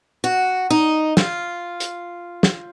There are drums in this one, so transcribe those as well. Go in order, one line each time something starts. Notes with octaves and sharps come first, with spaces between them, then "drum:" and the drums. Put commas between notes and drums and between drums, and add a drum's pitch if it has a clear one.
F#4
D#4
F4, drum: snare
drum: hi-hat
drum: snare